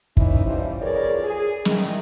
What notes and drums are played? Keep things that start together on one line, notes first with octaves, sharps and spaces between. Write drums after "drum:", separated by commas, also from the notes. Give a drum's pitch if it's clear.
E3 C#4 D#4 E4, drum: kick
E3 F3 G3 C#4 D#4 C5
F2 G#4 A#4 B4 C#5 D5
G#4
D#3 D#4 E4, drum: snare